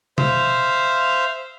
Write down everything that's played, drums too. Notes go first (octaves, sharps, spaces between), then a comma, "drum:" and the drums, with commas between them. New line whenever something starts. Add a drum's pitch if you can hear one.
C5 E5 F5, drum: tom B2